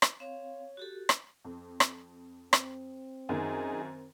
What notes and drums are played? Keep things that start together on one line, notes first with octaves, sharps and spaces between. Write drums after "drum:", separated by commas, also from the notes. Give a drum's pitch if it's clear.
drum: rim click
C4 C#5 F5
F#4 G4 A4
drum: rim click
F2
drum: rim click
C4, drum: rim click
F#2 D#3 D#4 G#4